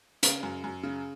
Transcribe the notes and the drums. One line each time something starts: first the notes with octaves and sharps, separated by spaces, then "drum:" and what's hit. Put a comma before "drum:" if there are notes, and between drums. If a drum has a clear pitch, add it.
C#3, drum: hi-hat
F#2
F#2
C#3